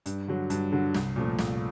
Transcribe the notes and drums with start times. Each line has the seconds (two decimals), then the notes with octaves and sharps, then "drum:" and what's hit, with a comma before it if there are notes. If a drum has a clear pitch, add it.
0.06 G2, drum: hi-hat
0.28 D3 F#3
0.50 G2, drum: hi-hat
0.72 D3 F#3
0.94 C2, drum: snare
1.16 A#2 F3 A3
1.38 C2, drum: snare